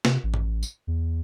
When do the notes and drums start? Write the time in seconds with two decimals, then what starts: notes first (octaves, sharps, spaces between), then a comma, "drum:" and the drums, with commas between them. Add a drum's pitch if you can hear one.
0.05 C3, drum: snare
0.23 A1
0.34 drum: tom G2
0.63 drum: tambourine
0.87 E2